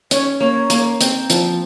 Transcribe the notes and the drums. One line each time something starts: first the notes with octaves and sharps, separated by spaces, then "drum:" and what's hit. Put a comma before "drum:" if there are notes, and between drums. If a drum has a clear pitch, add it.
C#4 C#5, drum: hi-hat
A#3 C#5
A#3, drum: hi-hat
C4, drum: hi-hat
F3, drum: hi-hat